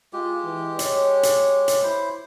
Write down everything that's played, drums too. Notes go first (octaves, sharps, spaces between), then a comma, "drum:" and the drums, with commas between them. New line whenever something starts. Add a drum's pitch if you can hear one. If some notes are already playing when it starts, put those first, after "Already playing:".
G#3 F4 G4
E3
C#5, drum: hi-hat
drum: hi-hat
drum: hi-hat
E4 C5